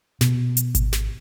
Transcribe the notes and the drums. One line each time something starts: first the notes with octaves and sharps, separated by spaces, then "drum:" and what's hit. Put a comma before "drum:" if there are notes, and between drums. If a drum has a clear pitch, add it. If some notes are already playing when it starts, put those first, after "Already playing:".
B2, drum: snare
drum: hi-hat
drum: kick G#1, hi-hat
drum: snare